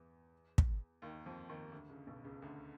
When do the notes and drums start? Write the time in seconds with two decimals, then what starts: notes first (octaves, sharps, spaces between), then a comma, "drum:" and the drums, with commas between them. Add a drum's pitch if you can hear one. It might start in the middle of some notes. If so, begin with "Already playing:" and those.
Already playing: E2 E3
0.58 drum: kick
1.02 D#2 D#3
1.26 F2 F3
1.49 D#2 D#3
1.72 D2 D3
1.89 C#2 C#3
2.07 B1 B2
2.24 C#2 C#3
2.42 D2 D3